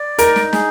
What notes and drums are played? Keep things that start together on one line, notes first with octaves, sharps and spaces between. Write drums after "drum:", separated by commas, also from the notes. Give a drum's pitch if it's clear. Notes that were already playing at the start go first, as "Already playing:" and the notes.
Already playing: D5
D#4 A#4, drum: hi-hat
drum: snare
G#4, drum: snare